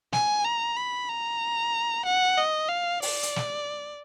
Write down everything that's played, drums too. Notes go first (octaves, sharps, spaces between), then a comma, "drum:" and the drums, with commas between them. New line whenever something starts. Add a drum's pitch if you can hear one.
G#5, drum: snare
A#5
B5
A#5
F#5
D#5
F5
D5, drum: open hi-hat
drum: hi-hat
drum: snare